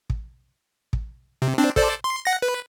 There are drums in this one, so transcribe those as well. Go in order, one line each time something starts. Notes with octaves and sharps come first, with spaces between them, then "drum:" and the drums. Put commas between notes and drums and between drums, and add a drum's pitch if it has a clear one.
drum: kick
drum: kick
C3
C4 D4
A4 C5 D5, drum: kick
C6
F#5 A#6
B4